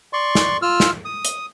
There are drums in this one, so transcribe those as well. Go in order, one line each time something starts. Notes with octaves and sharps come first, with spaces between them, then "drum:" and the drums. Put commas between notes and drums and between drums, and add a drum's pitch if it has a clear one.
D5 C6 C#6
drum: snare
F4 E6 F6
drum: snare
D#6
drum: hi-hat